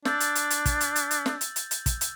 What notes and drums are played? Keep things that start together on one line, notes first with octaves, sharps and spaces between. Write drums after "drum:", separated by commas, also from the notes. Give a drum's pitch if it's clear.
D4 E6 G6 A6, drum: snare
drum: hi-hat
drum: hi-hat
drum: hi-hat
drum: kick, hi-hat
drum: hi-hat
drum: hi-hat
drum: hi-hat
drum: snare
drum: hi-hat
drum: hi-hat
drum: hi-hat
drum: kick, hi-hat
drum: hi-hat